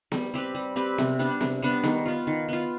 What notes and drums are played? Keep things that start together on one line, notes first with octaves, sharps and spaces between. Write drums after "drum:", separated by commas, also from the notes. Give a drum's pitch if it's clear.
G3, drum: snare B3
C4 G4 B4
G3
C4 G4 B4
C3, drum: snare B3
G3 B3 D4
C3, drum: snare B3
G3 B3 D4
D#3, drum: snare B3
B3 F4
D#3
B3 F4